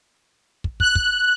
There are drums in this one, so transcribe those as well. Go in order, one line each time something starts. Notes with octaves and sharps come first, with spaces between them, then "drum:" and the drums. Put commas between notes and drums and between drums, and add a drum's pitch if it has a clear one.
drum: kick
F#6, drum: kick
drum: kick